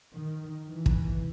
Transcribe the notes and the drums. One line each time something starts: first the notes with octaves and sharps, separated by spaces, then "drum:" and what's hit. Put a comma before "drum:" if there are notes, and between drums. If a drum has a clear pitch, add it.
D#3
E3
drum: kick